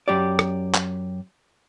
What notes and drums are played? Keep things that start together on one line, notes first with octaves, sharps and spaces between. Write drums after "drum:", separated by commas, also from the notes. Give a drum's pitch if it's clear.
F#2 G4 D5
drum: rim click
drum: clap